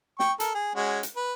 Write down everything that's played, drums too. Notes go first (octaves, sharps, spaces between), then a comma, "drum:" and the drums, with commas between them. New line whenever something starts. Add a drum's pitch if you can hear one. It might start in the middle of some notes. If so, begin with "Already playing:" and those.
G5 C#6, drum: snare
A4 A#4, drum: hi-hat
G#4
G#3 C#4 F#4
drum: hi-hat
B4